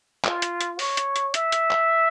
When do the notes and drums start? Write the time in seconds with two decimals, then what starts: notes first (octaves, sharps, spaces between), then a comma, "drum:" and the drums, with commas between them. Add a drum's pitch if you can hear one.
0.24 F4, drum: clap
0.42 drum: hi-hat
0.61 drum: hi-hat
0.79 C#5, drum: open hi-hat
0.97 drum: hi-hat
1.16 drum: hi-hat
1.34 E5, drum: hi-hat
1.52 drum: hi-hat
1.71 drum: clap